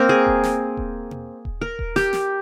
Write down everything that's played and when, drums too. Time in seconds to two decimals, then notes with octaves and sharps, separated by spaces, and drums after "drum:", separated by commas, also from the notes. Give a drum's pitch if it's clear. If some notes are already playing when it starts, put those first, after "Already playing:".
Already playing: A#3 C4 A#4
0.09 G#4
0.27 drum: kick D#1
0.43 drum: snare
0.77 drum: kick D#1
1.11 drum: tom B2
1.45 drum: kick D#1
1.61 A#4
1.79 drum: kick D#1
1.96 G4, drum: snare
2.13 drum: snare